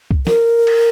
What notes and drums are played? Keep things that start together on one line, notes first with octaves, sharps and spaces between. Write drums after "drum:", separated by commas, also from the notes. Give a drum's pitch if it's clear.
drum: kick
A#4, drum: snare
drum: cymbal